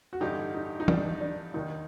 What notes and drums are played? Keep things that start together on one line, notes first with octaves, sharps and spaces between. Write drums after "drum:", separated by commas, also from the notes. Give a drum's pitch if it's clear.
F#4
A1 G2 D3 D#4 G4
D#4
D#4
D4, drum: tom E3
D4
D#2 D#3 D#4